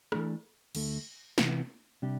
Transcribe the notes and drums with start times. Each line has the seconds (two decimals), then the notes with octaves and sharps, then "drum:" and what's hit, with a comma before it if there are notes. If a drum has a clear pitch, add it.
0.12 E3 A3 D4, drum: rim click
0.75 D2 D3 A3, drum: cymbal
1.38 C3 E3 B3, drum: snare
2.02 C3 G3 D4 G4